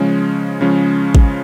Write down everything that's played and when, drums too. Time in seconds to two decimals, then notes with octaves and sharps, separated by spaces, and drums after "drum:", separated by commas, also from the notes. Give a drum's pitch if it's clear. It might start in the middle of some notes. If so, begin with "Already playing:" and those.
Already playing: C#3 F3 G#3 C#4
0.61 C#3 F3 G#3 C#4
1.15 drum: kick